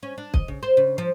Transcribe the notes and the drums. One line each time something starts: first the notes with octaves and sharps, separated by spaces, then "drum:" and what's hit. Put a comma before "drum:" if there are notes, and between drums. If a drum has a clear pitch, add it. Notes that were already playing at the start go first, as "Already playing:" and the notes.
C#4
D4
D#5, drum: kick
C#3
C5
C#3
F3